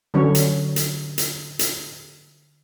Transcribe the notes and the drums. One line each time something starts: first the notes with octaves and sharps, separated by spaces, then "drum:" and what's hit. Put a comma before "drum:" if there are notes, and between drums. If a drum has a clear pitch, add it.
D3 F#3 C#4 C#5
drum: hi-hat
drum: hi-hat
drum: hi-hat
drum: hi-hat